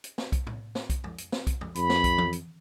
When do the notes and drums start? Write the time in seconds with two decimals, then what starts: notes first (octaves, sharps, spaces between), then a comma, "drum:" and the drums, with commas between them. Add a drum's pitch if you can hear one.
0.04 drum: hi-hat
0.18 drum: snare
0.32 drum: kick B1, hi-hat
0.47 drum: tom A2
0.75 drum: snare
0.90 drum: kick B1, hi-hat
1.04 drum: tom
1.18 drum: hi-hat
1.32 drum: snare
1.47 drum: kick B1, hi-hat
1.61 drum: tom
1.75 F2 B5, drum: hi-hat
1.90 drum: snare
2.04 drum: kick B1, hi-hat
2.18 drum: tom E3
2.33 drum: hi-hat